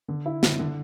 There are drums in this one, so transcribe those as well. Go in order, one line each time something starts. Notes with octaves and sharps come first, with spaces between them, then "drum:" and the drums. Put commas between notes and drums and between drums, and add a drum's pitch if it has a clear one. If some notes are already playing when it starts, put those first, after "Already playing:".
D3
E4
D3, drum: snare
D3